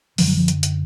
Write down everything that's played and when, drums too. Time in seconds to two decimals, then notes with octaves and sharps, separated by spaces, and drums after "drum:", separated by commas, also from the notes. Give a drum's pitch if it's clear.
0.18 F#2 D3 F3, drum: open hi-hat
0.28 F#3
0.37 F3
0.48 drum: hi-hat
0.63 drum: hi-hat